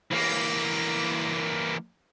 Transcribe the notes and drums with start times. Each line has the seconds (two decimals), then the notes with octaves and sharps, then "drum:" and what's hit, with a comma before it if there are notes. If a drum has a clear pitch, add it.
0.12 E3 A#3, drum: cymbal